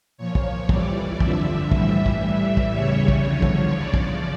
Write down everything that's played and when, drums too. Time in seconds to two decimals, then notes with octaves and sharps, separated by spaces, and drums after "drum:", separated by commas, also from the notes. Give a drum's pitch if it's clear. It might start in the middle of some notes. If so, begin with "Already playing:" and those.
0.18 A#2 F3 C#5
0.35 drum: kick
0.69 F2 E3 G3 D5, drum: kick
1.20 G2 D3 F3 E5, drum: kick
1.72 A2 E3 G3 E5, drum: kick
2.06 drum: kick
2.23 A2 E3 G3 E5
2.57 drum: kick
2.74 E2 C#3 G3 C#5
3.08 drum: kick
3.26 E2 D3 F3
3.42 drum: kick
3.76 E2 C#3 F3 D5
3.94 drum: kick